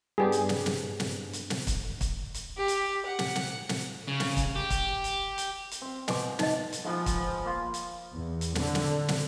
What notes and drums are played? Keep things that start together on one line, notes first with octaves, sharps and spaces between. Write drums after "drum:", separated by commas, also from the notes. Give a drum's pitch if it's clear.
G2 B3 D4 G4 G#4
drum: hi-hat
drum: snare
drum: snare
drum: snare
drum: hi-hat
drum: snare
drum: kick, hi-hat
drum: kick, hi-hat
drum: hi-hat
G4
drum: hi-hat
F#5
drum: snare
drum: snare
drum: snare
C#3
drum: snare
drum: kick, hi-hat
G4
drum: kick, hi-hat
drum: hi-hat
drum: hi-hat
drum: hi-hat
C4 F5
B2 C5 G#5 D6, drum: snare
D#4 D#5, drum: snare
drum: hi-hat
F3 G#3 B3 G#4
drum: kick, hi-hat
A#3 F4
drum: hi-hat
E2
drum: hi-hat
D3, drum: snare
drum: snare
drum: snare